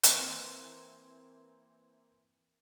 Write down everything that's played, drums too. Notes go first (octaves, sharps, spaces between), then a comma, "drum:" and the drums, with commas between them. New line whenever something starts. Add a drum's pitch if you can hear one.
E3 A#3 C4, drum: hi-hat